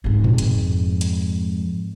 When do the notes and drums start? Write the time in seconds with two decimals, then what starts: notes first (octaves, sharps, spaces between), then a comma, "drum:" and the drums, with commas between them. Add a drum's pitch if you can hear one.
0.04 F2 G#2
0.24 drum: tom A2
0.38 drum: hi-hat
1.01 drum: hi-hat